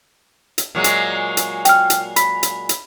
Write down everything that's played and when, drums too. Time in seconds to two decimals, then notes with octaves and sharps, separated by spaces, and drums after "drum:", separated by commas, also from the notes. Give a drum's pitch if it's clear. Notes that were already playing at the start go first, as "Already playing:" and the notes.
0.58 drum: hi-hat
0.75 A#2 F#3 G#3
0.84 drum: hi-hat
1.37 drum: hi-hat
1.65 G5 F6, drum: hi-hat
1.90 drum: hi-hat
2.16 B5 B6, drum: hi-hat
2.43 drum: hi-hat
2.69 drum: hi-hat